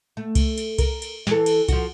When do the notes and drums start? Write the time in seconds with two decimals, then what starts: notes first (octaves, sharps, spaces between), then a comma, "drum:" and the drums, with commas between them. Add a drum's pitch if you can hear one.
0.17 A3
0.35 drum: kick C2, cymbal
0.58 drum: cymbal
0.78 A#4, drum: kick C2, cymbal
1.02 drum: cymbal
1.27 E3 A4, drum: snare
1.46 drum: cymbal
1.68 F3 F#4, drum: kick C2, cymbal